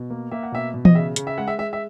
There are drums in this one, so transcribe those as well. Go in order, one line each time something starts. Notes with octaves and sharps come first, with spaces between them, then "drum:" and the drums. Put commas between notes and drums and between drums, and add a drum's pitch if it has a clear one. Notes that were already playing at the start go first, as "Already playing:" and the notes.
Already playing: B2
A#3
A#3 E5
F#5
B2 E5
B2
D#5, drum: tom E3
C#3 E5
C#3, drum: hi-hat
E5
G#3 F#5
E5
G#3 E5
E5